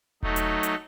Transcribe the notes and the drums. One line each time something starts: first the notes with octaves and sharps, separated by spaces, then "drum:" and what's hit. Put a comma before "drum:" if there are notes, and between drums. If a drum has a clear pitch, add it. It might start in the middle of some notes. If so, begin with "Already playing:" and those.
F#3 A3 D#4, drum: kick E1
drum: hi-hat
drum: hi-hat